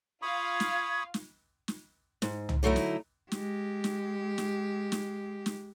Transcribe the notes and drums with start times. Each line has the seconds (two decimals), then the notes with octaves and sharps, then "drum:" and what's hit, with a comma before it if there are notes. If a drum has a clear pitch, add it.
0.22 F4 F5 B5 C#6 D#6 G#6
0.60 drum: snare
1.14 drum: snare
1.68 drum: snare
2.22 G#2, drum: snare
2.49 drum: tom
2.63 D3 F#3 A3 D#4 E4
2.76 drum: snare
3.32 G#3 G4, drum: snare
3.84 drum: snare
4.38 drum: snare
4.92 drum: snare
5.46 drum: snare